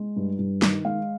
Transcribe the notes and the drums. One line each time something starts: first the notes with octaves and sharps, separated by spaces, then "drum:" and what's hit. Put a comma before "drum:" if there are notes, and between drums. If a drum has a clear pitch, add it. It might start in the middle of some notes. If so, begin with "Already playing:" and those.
Already playing: G#3
G2
G2
D#3, drum: snare
G#3 F5